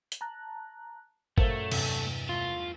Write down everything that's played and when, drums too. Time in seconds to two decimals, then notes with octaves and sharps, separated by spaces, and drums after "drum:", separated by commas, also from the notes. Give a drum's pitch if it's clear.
0.12 drum: hi-hat
0.21 A5 A#5 F#6
1.38 F#2 A#2 A3 A#4 C5 F5 G#6, drum: kick G1
1.71 E2 G2 C3, drum: cymbal
2.29 A3 F4 A6